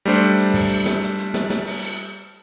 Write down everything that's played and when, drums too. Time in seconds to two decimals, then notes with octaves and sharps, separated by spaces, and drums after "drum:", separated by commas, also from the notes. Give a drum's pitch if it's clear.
0.06 G3 A3 D4 C5
0.22 drum: hi-hat
0.38 drum: hi-hat
0.54 drum: kick, open hi-hat
0.86 drum: snare
1.02 drum: hi-hat
1.18 drum: hi-hat
1.34 drum: snare
1.50 drum: snare
1.66 drum: open hi-hat
1.82 drum: hi-hat